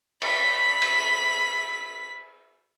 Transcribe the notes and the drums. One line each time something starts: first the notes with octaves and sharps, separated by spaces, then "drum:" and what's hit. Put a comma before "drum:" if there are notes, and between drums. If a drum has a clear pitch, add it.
B5 B6, drum: cymbal
drum: cymbal